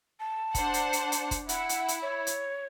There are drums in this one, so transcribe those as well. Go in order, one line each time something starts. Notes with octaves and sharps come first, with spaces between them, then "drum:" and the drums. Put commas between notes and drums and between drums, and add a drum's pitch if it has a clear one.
A5
D4 C5 F#5, drum: kick, hi-hat
drum: hi-hat
drum: hi-hat
drum: hi-hat
drum: kick, hi-hat
E4 F#5, drum: hi-hat
drum: hi-hat
drum: hi-hat
C#5
drum: hi-hat